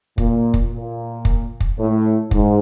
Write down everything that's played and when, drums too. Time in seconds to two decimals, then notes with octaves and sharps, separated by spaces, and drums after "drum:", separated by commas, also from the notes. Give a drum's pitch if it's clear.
0.18 A#2, drum: kick
0.54 drum: kick
0.71 A#2
1.25 drum: kick
1.60 drum: kick
1.78 A2
2.31 G#2, drum: kick